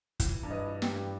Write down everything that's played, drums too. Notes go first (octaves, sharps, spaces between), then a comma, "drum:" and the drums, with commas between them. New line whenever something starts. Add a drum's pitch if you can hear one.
E3, drum: kick, hi-hat
G2
B4 D#5
E3
G4 B4, drum: snare
G2